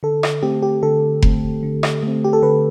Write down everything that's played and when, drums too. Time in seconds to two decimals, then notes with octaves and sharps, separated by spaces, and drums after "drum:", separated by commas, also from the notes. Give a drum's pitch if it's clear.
0.03 D3 A4
0.23 drum: rim click
0.43 A3 C4 G4
0.63 G4
0.83 D3 A4
1.22 A3 C4, drum: kick F1
1.63 D3
1.83 drum: rim click
2.03 A3 C4
2.24 G4
2.33 A4
2.42 D3 B4